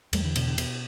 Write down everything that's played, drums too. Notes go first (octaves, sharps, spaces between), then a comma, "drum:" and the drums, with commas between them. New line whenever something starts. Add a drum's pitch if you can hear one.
E2 G3 A3, drum: cymbal
D3 E3
B2 D3, drum: cymbal
D3
B2, drum: cymbal